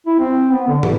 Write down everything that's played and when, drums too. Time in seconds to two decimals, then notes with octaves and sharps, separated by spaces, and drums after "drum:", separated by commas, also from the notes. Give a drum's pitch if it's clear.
0.07 E4
0.19 C4
0.51 B3
0.68 D3
0.83 E3, drum: tom